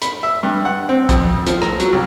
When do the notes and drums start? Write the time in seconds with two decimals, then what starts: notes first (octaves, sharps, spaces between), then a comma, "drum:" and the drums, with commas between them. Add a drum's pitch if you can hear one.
0.02 B5, drum: hi-hat
0.23 E5
0.43 G2
0.65 F#5
0.89 C4
1.09 F2, drum: kick, hi-hat
1.47 F3, drum: hi-hat
1.62 A#5, drum: rim click
1.80 F#3, drum: hi-hat
1.93 C2